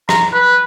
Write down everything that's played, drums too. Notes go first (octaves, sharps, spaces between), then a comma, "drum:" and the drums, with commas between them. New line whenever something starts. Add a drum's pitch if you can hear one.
A#5, drum: rim click
B4